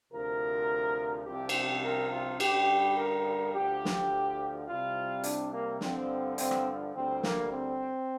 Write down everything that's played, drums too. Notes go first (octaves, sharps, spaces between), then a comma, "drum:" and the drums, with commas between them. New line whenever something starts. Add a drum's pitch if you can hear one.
D2 C3 F3 A#4
C2 C3 F3 G4
drum: cymbal
A#4
F4
G2 D3 G3 G4, drum: cymbal
A#4
D2 D3 F3 G4
drum: snare
C2 C3 G3 F4
D4, drum: hi-hat
A#3
G2 D3 F3 C4, drum: snare
C4, drum: hi-hat
drum: rim click
D2 D3 G3 C4
A#3, drum: snare
C4